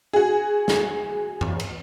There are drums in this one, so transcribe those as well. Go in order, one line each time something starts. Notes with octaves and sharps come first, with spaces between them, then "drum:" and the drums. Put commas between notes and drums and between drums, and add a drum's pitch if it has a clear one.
F#4 G#4
drum: snare
drum: tom G2
drum: cymbal